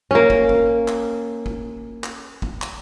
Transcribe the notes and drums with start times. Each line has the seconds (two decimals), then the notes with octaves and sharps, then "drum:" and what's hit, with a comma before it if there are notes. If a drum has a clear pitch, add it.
0.11 A#3 C#4
0.30 drum: kick
0.49 drum: kick
0.88 drum: clap
1.46 drum: kick
2.04 drum: clap
2.42 drum: kick
2.62 drum: clap